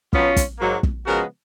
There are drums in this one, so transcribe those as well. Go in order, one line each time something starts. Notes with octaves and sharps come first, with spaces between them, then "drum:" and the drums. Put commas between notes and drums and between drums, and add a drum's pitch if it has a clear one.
B2 F#3 B3 C#4 F4, drum: kick
drum: kick, hi-hat
G#2 F#3 A#3
drum: kick
C#3 F3 G#3 B3 F#4 A#4